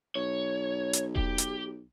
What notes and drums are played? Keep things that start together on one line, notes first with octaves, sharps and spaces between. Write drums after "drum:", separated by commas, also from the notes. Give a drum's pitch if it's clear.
B1 C#5
drum: hi-hat
G4, drum: kick E1
drum: hi-hat